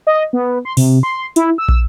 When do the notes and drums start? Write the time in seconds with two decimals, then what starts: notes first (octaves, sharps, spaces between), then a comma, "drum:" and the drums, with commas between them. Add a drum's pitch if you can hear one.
0.07 D#5
0.33 B3
0.65 C6
0.77 C3, drum: open hi-hat
1.03 C6
1.36 E4, drum: hi-hat
1.58 E6
1.69 drum: kick